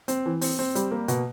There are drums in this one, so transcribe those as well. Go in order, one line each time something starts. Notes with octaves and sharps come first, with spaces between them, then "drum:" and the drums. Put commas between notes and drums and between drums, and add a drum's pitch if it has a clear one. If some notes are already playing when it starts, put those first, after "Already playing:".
C4, drum: hi-hat
E3
C4, drum: open hi-hat
C4
G3, drum: hi-hat
A#3
B2, drum: hi-hat